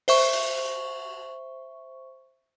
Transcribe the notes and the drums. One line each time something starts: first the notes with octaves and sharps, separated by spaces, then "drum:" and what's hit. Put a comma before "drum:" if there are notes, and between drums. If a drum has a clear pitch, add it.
C5 E5 C#6, drum: open hi-hat
drum: cymbal